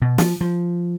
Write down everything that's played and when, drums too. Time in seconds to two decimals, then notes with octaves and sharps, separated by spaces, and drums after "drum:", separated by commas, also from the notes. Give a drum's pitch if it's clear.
0.02 B2
0.18 F3, drum: snare
0.41 F3